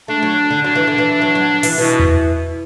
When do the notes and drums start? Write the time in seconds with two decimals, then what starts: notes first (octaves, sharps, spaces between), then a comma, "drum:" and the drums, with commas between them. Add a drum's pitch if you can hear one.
0.08 A3 D4
0.22 F#3
0.51 D3
0.64 F#3 D4
0.75 E3
0.87 D3
0.98 E3
1.21 F#3
1.35 F#3
1.63 E3, drum: open hi-hat
1.78 B2 E3
2.00 drum: tom E2